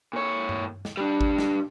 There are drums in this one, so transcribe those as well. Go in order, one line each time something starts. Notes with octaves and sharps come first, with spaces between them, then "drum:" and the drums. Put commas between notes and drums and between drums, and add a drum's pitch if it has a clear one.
A#2 C#5
drum: tom G2
drum: snare
G3 D4
drum: kick G#1
drum: snare